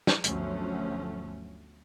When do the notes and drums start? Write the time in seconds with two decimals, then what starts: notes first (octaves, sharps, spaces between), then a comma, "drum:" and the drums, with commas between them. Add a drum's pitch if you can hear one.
0.07 drum: snare
0.24 G1 D2 F3 F#3 A3 C#4, drum: hi-hat